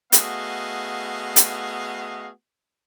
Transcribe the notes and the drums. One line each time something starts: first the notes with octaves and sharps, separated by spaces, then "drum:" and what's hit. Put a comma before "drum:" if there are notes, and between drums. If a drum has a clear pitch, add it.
A3 B3 F#4 G#4 D#5 F5, drum: hi-hat
drum: hi-hat